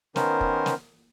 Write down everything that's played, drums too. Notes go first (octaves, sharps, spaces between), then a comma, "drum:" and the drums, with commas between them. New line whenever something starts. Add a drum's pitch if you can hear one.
D#3 B3 C#4 A#4 C5, drum: snare
drum: kick
drum: snare